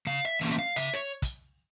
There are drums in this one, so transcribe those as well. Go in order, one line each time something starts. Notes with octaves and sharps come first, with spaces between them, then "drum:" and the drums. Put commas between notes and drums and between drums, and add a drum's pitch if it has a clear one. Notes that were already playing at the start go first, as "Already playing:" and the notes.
C#3 F5
E5
E3 A#3 C#4 E5
E5
F5
C#3 E5, drum: hi-hat
C#5
drum: kick, hi-hat